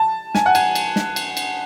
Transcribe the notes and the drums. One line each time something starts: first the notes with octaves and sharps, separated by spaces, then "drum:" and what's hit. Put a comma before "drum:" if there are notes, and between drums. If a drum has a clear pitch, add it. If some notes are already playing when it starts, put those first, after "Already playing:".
Already playing: A5
G#5, drum: snare
F#5
G#5, drum: cymbal
drum: cymbal
drum: snare
drum: cymbal
drum: cymbal